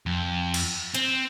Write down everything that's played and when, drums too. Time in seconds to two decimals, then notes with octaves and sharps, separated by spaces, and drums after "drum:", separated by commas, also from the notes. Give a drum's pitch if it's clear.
0.06 F2
0.54 drum: cymbal
0.95 C4, drum: hi-hat